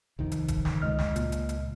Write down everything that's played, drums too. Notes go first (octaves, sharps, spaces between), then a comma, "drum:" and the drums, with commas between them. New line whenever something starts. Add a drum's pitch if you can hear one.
C2 F2 D#3
drum: hi-hat
drum: kick D#1, hi-hat
drum: snare
C#2 D#5 F6
drum: snare
A#2, drum: hi-hat
drum: hi-hat
drum: hi-hat